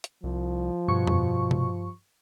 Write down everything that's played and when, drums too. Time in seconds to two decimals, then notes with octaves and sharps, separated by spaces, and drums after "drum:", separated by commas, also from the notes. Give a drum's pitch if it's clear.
0.04 drum: hi-hat
0.24 C2 F3
0.88 G2 B2 C#6
1.07 drum: tom F2
1.51 drum: tom C3